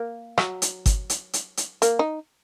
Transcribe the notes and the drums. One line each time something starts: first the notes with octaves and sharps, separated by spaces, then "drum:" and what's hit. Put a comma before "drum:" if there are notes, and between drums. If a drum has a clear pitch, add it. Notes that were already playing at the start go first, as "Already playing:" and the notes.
Already playing: A#3
F#3, drum: rim click
drum: hi-hat
drum: kick G1, hi-hat
drum: hi-hat
drum: hi-hat
drum: hi-hat
A#3, drum: hi-hat
D#4